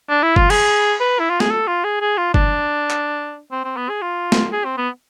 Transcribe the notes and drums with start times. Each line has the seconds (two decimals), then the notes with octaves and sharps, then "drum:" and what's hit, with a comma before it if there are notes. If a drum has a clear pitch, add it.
0.09 D4
0.23 E4
0.36 F4, drum: kick F#1
0.50 G#4, drum: cymbal
1.00 B4
1.20 E4
1.30 F4
1.40 G#4, drum: snare
1.51 A4
1.68 F4
1.84 G#4
2.01 G#4
2.18 F4
2.34 D4, drum: kick F#1
2.90 drum: clap
3.52 C4
3.64 C4
3.77 B3
3.89 G#4
4.02 F4
4.32 drum: snare
4.52 G#4
4.65 C4
4.78 B3